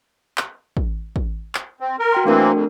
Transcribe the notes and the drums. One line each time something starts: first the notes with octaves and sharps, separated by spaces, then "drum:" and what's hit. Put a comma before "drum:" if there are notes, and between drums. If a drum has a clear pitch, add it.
drum: clap
drum: kick A1
drum: kick A1
drum: clap
C4
A#4
F#4 G5 C6
E3 A3 A#3 C4 D4 A#4
F2